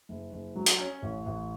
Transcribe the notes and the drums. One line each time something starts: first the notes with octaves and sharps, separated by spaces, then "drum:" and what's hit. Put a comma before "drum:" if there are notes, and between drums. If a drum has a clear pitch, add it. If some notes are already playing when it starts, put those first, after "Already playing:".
F#1
F#1
F#3
drum: hi-hat
C#4
A1
A1